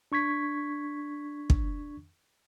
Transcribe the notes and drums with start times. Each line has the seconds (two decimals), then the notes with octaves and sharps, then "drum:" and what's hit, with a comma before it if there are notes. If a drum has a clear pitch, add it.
0.12 D4 C#6 G#6 B6
1.50 drum: kick